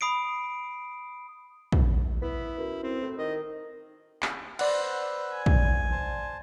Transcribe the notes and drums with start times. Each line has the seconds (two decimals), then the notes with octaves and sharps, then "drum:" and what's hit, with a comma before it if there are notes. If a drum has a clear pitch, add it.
0.01 B5 D#6 C7 D7
1.72 drum: kick
2.22 B3 E4
2.58 F#2
2.83 C4
3.02 A2
3.18 D#3 D#5
4.22 drum: clap
4.59 B4 C5 D5 F#5 E6 F#6, drum: cymbal
5.34 G#5
5.46 drum: kick
5.92 C5 A5